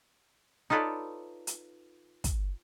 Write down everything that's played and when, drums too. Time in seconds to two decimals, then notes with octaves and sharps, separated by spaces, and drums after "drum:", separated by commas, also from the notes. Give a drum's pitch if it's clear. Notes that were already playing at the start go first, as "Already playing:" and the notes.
0.70 D#4 F4 A4 B4 C#5 D5
1.47 drum: hi-hat
2.24 drum: kick, hi-hat